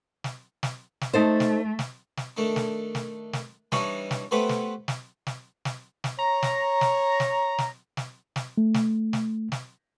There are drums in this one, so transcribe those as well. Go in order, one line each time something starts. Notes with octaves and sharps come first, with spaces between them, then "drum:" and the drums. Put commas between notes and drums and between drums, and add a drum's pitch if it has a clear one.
drum: snare
drum: snare
drum: snare
A3 D#4 A4 C5
drum: snare
drum: snare
drum: snare
D#3 A3 D4
drum: snare
drum: snare
drum: snare
E3 G3 D4 D#4 C#5, drum: snare
drum: snare
A3 B3 G4 B4 C5
drum: snare
drum: snare
drum: snare
drum: snare
drum: snare
C#5 A#5
drum: snare
drum: snare
drum: snare
drum: snare
drum: snare
drum: snare
A3
drum: snare
drum: snare
drum: snare